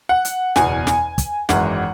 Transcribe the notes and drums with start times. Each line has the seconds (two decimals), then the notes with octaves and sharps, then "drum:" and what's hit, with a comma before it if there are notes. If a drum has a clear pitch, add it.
0.09 F#5
0.25 drum: hi-hat
0.56 F#1 E2 B2 G#5, drum: snare
0.87 drum: snare
1.18 drum: kick, hi-hat
1.49 G#1 F#2 E3 G#3 F#5, drum: snare